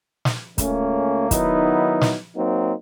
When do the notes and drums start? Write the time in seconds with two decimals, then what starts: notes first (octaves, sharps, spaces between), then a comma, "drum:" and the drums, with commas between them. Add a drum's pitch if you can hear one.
0.25 drum: snare
0.58 C#2 A3 A#3 C#4, drum: kick, hi-hat
1.31 D#3 F#3 B3 D#4 E4, drum: kick, hi-hat
2.01 drum: snare
2.36 F#3 A#3 C4 D#4